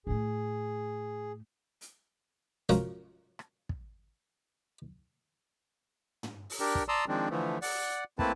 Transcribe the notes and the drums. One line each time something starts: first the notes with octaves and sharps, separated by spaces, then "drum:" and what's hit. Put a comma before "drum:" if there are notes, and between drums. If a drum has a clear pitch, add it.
A2 A3 G#4
drum: hi-hat
F3 C#4 F4 F#4 A#4, drum: hi-hat
drum: rim click
drum: kick
drum: tom
drum: open hi-hat
D4 G4 A#4
drum: kick
D5 A5 A#5 C6 D#6 E6
D#3 F3 G#3 C4 D4
D3 E3 F3 A3
D5 F#5, drum: open hi-hat
A3 A#3 C4 E4 B4 A5, drum: kick